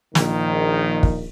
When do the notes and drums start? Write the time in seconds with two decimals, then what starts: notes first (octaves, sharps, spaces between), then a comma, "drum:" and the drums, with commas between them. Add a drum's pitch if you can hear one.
0.15 A#1 D#3, drum: snare
1.03 drum: kick